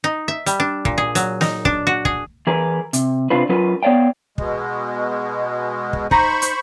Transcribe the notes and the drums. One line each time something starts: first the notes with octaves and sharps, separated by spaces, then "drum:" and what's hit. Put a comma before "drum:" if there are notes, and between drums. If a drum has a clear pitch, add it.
D#4
E5
G3, drum: hi-hat
D4
A#2, drum: kick
G#4
F#3, drum: hi-hat
D#4, drum: snare
D4, drum: kick
F#4
G#4, drum: kick
E3 G#4 A#4 B4
C3, drum: hi-hat
C3 C4 D4 F4 B4
F#3 C#4 F4 A#4 B4
B3 C#5 D5 F5 G5
B2 G#3, drum: kick
drum: kick
D#4 C5 A#5 B5 C#6, drum: kick
drum: hi-hat